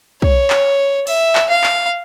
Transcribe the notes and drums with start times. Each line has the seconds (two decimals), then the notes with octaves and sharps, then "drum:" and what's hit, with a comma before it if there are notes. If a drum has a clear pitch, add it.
0.22 C#5, drum: kick
0.50 drum: clap
1.07 E5, drum: open hi-hat
1.35 drum: clap
1.49 F5
1.64 drum: clap